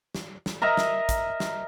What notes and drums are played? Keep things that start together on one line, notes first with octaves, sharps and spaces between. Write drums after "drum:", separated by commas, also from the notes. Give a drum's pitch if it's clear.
drum: snare
drum: snare
A#4 D#5 E5 A#5
drum: snare
drum: kick, hi-hat
drum: snare